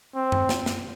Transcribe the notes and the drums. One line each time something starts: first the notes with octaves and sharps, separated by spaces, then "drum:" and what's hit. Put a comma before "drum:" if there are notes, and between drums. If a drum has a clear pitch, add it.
C4
drum: tom F#2
drum: snare
drum: snare